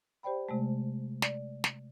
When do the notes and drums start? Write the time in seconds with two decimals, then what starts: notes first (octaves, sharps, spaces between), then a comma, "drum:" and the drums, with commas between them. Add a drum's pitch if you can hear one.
0.23 G4 C5 D5 G5 B5
0.49 C3 G#3 A3
1.22 D5, drum: snare
1.64 drum: snare